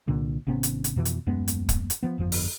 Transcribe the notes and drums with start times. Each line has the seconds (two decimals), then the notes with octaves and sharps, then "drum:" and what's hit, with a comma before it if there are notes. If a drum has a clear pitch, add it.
0.08 C2 A#2 D3
0.47 G#1 C3 B3 C#4
0.63 drum: hi-hat
0.84 drum: hi-hat
0.96 F2 B2 E3
1.05 drum: hi-hat
1.26 D#1 F#2 G#3 B3
1.48 drum: hi-hat
1.69 drum: kick, hi-hat
1.90 drum: hi-hat
2.03 F3 B3
2.18 G1 F2 F3
2.32 drum: open hi-hat